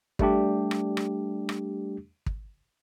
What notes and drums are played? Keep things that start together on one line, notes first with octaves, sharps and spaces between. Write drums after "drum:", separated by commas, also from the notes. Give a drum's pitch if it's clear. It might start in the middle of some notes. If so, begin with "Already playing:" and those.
G3 A3 D4 G4, drum: kick
drum: rim click
drum: rim click
drum: rim click
drum: kick